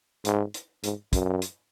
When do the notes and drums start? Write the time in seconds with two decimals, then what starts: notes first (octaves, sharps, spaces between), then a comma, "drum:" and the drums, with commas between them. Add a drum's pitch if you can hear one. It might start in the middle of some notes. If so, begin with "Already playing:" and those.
0.25 G#2, drum: hi-hat
0.54 drum: hi-hat
0.84 G#2, drum: hi-hat
1.13 F#2, drum: kick, hi-hat
1.42 drum: hi-hat